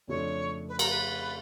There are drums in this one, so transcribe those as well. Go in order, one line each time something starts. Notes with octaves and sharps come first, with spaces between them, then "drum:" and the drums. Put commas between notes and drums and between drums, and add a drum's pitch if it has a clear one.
F2 C#3 F3 A3 D4 C#5
B4
A#4, drum: cymbal
B4